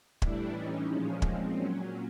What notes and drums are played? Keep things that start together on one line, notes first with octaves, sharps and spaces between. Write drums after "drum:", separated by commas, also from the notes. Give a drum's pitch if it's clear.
A2 E3 G3 D4 E4, drum: kick
C#4 D#4
A#2 F3 G#3 C#4
C4, drum: kick
A#2 F#3 C#4